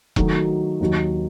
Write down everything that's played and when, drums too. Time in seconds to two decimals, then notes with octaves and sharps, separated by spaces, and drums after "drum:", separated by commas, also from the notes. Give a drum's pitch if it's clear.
0.16 D#3 F#3 A3 D#4 F#4, drum: kick E1
0.80 D#2 D#3 F#3